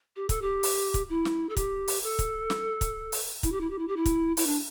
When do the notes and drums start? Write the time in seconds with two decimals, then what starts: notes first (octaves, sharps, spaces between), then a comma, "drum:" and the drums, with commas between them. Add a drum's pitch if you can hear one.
0.16 G4
0.29 A4, drum: kick, hi-hat
0.42 G4
0.63 drum: open hi-hat
0.94 drum: kick, hi-hat
1.10 E4
1.25 drum: snare
1.49 A4
1.57 G4, drum: kick, hi-hat
1.88 drum: open hi-hat
2.03 A4
2.19 drum: kick, hi-hat
2.50 drum: snare
2.81 drum: kick, hi-hat
3.12 drum: open hi-hat
3.43 E4, drum: kick, hi-hat
3.52 G4
3.61 E4
3.70 G4
3.79 E4
3.88 G4
3.96 E4
4.06 drum: kick, hi-hat
4.37 E4, drum: open hi-hat
4.46 D4